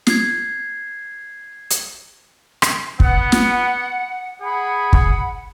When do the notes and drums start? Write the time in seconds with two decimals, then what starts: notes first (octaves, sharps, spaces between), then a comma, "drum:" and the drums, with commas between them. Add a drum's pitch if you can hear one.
0.07 G#6 C7, drum: snare
1.70 drum: hi-hat
2.62 drum: rim click
3.00 B3 F#5, drum: kick
3.32 drum: snare
4.41 G#4 F#5 B5
4.93 drum: kick